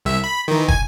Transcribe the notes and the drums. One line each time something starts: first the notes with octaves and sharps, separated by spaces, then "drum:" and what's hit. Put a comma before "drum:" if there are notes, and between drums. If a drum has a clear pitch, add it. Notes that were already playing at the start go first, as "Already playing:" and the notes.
C2 E5
B5
D#3 E3
G#5, drum: kick